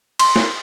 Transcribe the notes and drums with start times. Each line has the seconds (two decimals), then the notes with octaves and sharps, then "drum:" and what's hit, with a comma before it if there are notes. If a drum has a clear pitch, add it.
0.19 C6, drum: cymbal
0.36 drum: snare